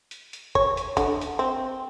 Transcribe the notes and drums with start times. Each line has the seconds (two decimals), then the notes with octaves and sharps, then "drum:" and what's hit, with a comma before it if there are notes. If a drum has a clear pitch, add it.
0.11 drum: hi-hat
0.33 drum: hi-hat
0.55 C#5, drum: kick
0.77 drum: hi-hat
0.97 D3, drum: kick, hi-hat
1.21 drum: hi-hat
1.39 C4